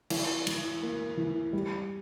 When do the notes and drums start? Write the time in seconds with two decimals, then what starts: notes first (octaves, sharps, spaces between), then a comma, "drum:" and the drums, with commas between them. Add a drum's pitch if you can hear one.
0.10 E3, drum: cymbal
0.47 E3, drum: cymbal
0.83 A#3
1.17 E3
1.53 G3